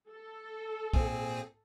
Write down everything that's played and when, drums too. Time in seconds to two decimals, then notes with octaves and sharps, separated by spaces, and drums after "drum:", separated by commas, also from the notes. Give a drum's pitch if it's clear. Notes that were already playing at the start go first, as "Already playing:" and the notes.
0.12 A4
0.93 A#2 C4 G#4, drum: kick B1